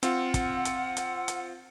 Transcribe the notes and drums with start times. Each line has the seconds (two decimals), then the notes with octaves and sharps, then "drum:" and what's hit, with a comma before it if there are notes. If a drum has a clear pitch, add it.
0.03 C4 F4 F#5, drum: hi-hat
0.34 drum: kick, hi-hat
0.65 drum: hi-hat
0.97 drum: hi-hat
1.28 drum: hi-hat